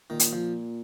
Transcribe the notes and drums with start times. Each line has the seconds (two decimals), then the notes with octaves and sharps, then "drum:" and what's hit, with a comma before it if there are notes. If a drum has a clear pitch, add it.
0.10 A#2 D#3
0.20 drum: hi-hat
0.33 F3